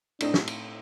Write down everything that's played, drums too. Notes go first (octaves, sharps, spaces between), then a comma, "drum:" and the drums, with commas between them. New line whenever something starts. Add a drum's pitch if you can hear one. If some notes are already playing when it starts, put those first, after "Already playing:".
A2 A3 C4 D4 D#4, drum: cymbal
drum: snare
drum: cymbal